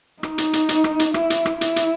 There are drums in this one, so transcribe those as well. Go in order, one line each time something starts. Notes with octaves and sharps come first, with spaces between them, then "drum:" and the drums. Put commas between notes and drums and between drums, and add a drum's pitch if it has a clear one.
D#4, drum: rim click
drum: hi-hat
drum: hi-hat
drum: hi-hat
drum: rim click
drum: hi-hat
E4, drum: rim click
drum: hi-hat
drum: rim click
E4, drum: hi-hat
drum: hi-hat